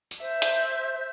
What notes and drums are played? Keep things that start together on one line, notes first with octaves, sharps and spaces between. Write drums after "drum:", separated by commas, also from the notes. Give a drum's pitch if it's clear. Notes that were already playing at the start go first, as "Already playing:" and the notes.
drum: tambourine
C5 E5
drum: hi-hat